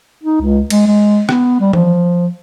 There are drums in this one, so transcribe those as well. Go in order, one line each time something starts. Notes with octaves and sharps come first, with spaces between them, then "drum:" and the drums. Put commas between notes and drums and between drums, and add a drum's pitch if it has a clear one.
D#4
C#2
G#3, drum: cymbal
G#3
B3, drum: rim click
G3
F3, drum: tom E3